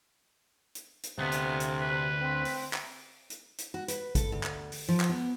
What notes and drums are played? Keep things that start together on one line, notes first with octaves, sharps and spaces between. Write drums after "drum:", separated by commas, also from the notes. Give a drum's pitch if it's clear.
drum: hi-hat
drum: hi-hat
D2 C3 B3
drum: hi-hat
drum: hi-hat
B4
C4
drum: open hi-hat
drum: clap
drum: hi-hat
drum: hi-hat
F#4
B4, drum: hi-hat
A4, drum: kick, hi-hat
D2
drum: clap
drum: open hi-hat
F3
drum: clap
B3